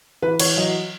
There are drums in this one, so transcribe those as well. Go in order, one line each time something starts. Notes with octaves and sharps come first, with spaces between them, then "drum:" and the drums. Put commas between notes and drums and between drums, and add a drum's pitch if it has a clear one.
E3 B4
E3 C#5, drum: cymbal
F#3 D#5